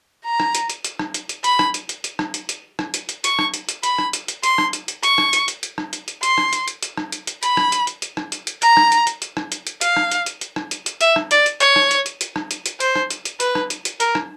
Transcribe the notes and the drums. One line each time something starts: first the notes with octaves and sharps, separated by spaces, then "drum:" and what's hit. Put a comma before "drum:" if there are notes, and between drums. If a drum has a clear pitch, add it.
A#5
drum: rim click
drum: hi-hat
drum: hi-hat
drum: hi-hat
drum: rim click
drum: hi-hat
drum: hi-hat
B5, drum: hi-hat
drum: rim click
drum: hi-hat
drum: hi-hat
drum: hi-hat
drum: rim click
drum: hi-hat
drum: hi-hat
drum: rim click
drum: hi-hat
drum: hi-hat
C#6, drum: hi-hat
drum: rim click
drum: hi-hat
drum: hi-hat
B5, drum: hi-hat
drum: rim click
drum: hi-hat
drum: hi-hat
C6, drum: hi-hat
drum: rim click
drum: hi-hat
drum: hi-hat
C#6, drum: hi-hat
drum: rim click
drum: hi-hat
drum: hi-hat
drum: hi-hat
drum: rim click
drum: hi-hat
drum: hi-hat
C6, drum: hi-hat
drum: rim click
drum: hi-hat
drum: hi-hat
drum: hi-hat
drum: rim click
drum: hi-hat
drum: hi-hat
B5, drum: hi-hat
drum: rim click
drum: hi-hat
drum: hi-hat
drum: hi-hat
drum: rim click
drum: hi-hat
drum: hi-hat
A#5, drum: hi-hat
drum: rim click
drum: hi-hat
drum: hi-hat
drum: hi-hat
drum: rim click
drum: hi-hat
drum: hi-hat
F5, drum: hi-hat
drum: rim click
drum: hi-hat
drum: hi-hat
drum: hi-hat
drum: rim click
drum: hi-hat
drum: hi-hat
E5, drum: hi-hat
drum: rim click
D5, drum: hi-hat
drum: hi-hat
C#5, drum: hi-hat
drum: rim click
drum: hi-hat
drum: hi-hat
drum: hi-hat
drum: rim click
drum: hi-hat
drum: hi-hat
C5, drum: hi-hat
drum: rim click
drum: hi-hat
drum: hi-hat
B4, drum: hi-hat
drum: rim click
drum: hi-hat
drum: hi-hat
A#4, drum: hi-hat
drum: rim click